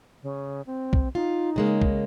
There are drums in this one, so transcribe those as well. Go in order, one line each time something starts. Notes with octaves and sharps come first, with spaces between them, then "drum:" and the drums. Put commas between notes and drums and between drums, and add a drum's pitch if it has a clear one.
C#3
C4
drum: kick
D#4 F4
C#3 G#3 A#3
drum: kick